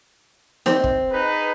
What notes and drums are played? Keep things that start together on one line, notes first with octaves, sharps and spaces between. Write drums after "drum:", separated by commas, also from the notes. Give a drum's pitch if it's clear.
C4, drum: snare
drum: kick
D#4 G#4 B4